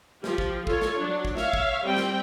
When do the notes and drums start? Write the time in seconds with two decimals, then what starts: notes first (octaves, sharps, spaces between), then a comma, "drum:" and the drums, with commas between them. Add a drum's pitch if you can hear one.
0.24 F3 G4, drum: snare
0.38 drum: kick
0.67 F4 A4 C#5, drum: kick
0.81 drum: snare
0.99 F#3 D4
1.25 drum: kick
1.37 C#5 E5 F5, drum: snare
1.53 drum: kick
1.85 G3 C4 G5
1.97 drum: snare